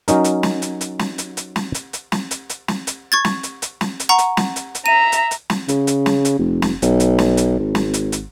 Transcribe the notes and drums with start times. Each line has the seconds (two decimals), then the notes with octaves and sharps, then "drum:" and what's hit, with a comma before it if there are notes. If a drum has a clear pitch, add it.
0.08 F#3 C#4 D#4 A#4, drum: hi-hat
0.24 drum: hi-hat
0.43 drum: snare
0.62 drum: hi-hat
0.81 drum: hi-hat
0.99 drum: snare
1.18 drum: hi-hat
1.37 drum: hi-hat
1.56 drum: snare
1.74 drum: hi-hat
1.93 drum: hi-hat
2.12 drum: snare
2.31 drum: hi-hat
2.49 drum: hi-hat
2.68 drum: snare
2.87 drum: hi-hat
3.12 C#6 G#6 A6
3.25 drum: snare
3.43 drum: hi-hat
3.62 drum: hi-hat
3.81 drum: snare
4.00 drum: hi-hat
4.09 F#5 A#5 C#6
4.18 drum: hi-hat
4.37 drum: snare
4.56 drum: hi-hat
4.75 drum: hi-hat
4.86 E5 A#5 D#7
5.12 drum: hi-hat
5.31 drum: hi-hat
5.50 drum: snare
5.68 C#3, drum: hi-hat
5.87 drum: hi-hat
6.06 drum: snare
6.25 drum: hi-hat
6.39 F1
6.62 drum: snare
6.82 B1, drum: hi-hat
7.00 drum: hi-hat
7.18 drum: snare
7.37 drum: hi-hat
7.59 G#1
7.75 drum: snare
7.94 drum: hi-hat
8.12 drum: hi-hat